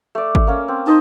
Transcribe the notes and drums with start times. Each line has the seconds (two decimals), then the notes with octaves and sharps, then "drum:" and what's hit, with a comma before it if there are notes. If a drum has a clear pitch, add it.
0.15 A3 D5
0.35 drum: kick G#1
0.47 A#3 C#4
0.68 C4
0.87 D#4 C5 D#5 A5